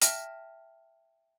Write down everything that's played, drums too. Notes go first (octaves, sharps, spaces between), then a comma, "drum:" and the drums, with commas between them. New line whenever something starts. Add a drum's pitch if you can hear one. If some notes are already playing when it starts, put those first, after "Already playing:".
E5 G5 A5 F6 A#6, drum: hi-hat